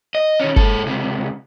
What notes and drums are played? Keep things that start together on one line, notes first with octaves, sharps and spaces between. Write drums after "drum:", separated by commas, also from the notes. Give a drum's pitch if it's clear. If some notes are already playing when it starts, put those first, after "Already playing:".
D#5
D#3 C#4
G#2 A4, drum: kick F#1
C#2 C3